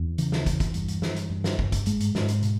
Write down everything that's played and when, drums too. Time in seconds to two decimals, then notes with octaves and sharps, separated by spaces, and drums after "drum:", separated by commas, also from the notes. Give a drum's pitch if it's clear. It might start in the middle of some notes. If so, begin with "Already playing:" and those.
Already playing: E2
0.18 C#3 E3, drum: hi-hat
0.32 drum: snare
0.46 E2, drum: kick, hi-hat
0.60 drum: kick, hi-hat
0.74 G2, drum: hi-hat
0.88 drum: hi-hat
1.02 G2, drum: snare
1.16 drum: hi-hat
1.30 G2
1.44 drum: snare
1.59 G2, drum: kick
1.72 drum: kick, hi-hat
1.86 G#2 G#3, drum: hi-hat
2.00 drum: hi-hat
2.15 G#2, drum: snare
2.28 drum: hi-hat
2.42 B2, drum: hi-hat